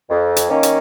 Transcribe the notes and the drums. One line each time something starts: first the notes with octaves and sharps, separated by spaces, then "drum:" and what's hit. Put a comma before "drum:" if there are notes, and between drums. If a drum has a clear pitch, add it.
F2
drum: hi-hat
D#3 A#3 C#4
drum: hi-hat